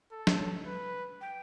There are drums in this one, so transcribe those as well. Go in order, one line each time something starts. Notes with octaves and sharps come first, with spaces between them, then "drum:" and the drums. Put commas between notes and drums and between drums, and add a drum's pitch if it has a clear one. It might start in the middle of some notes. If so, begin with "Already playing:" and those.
A4
drum: snare
B4
G5